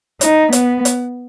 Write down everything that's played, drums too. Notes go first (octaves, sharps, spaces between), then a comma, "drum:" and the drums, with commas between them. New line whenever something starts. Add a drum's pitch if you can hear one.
D#4, drum: hi-hat
B3, drum: hi-hat
drum: hi-hat